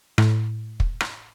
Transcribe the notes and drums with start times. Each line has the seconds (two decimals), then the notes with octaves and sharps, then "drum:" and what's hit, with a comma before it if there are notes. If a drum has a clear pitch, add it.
0.18 A2, drum: rim click
0.80 drum: kick
1.00 drum: rim click